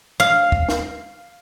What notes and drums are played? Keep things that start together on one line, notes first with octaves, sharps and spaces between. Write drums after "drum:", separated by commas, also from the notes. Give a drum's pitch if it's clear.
F5
drum: kick
drum: snare